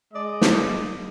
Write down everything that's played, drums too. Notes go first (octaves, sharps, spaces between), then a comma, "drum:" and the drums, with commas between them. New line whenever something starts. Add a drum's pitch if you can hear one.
G#3 D5 D#5
drum: snare